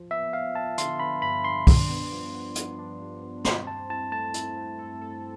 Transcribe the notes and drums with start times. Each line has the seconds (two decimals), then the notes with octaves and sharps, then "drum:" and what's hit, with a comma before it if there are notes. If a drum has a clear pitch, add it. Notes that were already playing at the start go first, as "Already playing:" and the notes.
Already playing: F3
0.11 B3 E5
0.33 F3 F5
0.55 F3 A5
0.78 D3 C6, drum: hi-hat
1.00 B3 B5
1.22 G2 B5
1.44 G2 C6
1.67 D4, drum: kick, open hi-hat
1.89 B3
2.12 F3
2.34 B3
2.55 B3, drum: hi-hat
2.78 D4
3.01 G2
3.22 G2
3.45 C4 C6, drum: snare
3.67 C4 A5
3.89 E4 A5
4.12 A3 A5
4.34 E4, drum: hi-hat
4.57 A3
4.78 A4
5.01 A4